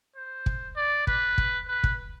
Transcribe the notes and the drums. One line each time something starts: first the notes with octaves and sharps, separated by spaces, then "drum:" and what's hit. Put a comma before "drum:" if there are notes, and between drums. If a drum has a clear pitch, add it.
C5
drum: kick
D5
B4, drum: kick
drum: kick
B4
drum: kick